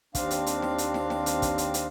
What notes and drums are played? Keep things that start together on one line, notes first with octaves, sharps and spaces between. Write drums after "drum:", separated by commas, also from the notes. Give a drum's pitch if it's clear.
D#2 C4 D4 F5, drum: kick, hi-hat
drum: hi-hat
drum: hi-hat
drum: snare
drum: hi-hat
drum: snare
drum: snare
drum: hi-hat
drum: kick, hi-hat
drum: hi-hat
drum: hi-hat